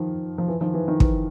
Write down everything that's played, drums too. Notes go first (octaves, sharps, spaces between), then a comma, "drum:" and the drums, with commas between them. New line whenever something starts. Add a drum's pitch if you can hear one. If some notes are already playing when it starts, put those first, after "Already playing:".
Already playing: D#3 F3
F3
E3
D#3 F3
E3
D#3
E3, drum: kick